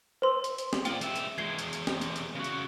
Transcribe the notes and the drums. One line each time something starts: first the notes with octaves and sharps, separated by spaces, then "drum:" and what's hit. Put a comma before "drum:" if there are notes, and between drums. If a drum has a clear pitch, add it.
B4 C5 C6 E6
drum: hi-hat
drum: hi-hat
drum: snare
F4 D5 G5, drum: hi-hat
G#3 E5, drum: hi-hat
drum: hi-hat
E2 G#3 G#6 C7 G7
drum: hi-hat
drum: hi-hat
drum: snare
drum: hi-hat
drum: hi-hat
C#3 F#4
drum: hi-hat